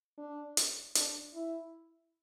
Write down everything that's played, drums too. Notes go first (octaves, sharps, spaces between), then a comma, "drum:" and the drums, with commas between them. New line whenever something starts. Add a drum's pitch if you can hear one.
D4
drum: hi-hat
D4, drum: hi-hat
E4